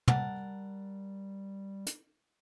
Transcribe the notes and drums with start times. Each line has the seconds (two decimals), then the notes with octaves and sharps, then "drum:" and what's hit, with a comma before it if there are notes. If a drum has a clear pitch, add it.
0.08 G3 A#4 F#5 A5, drum: tom
1.86 drum: hi-hat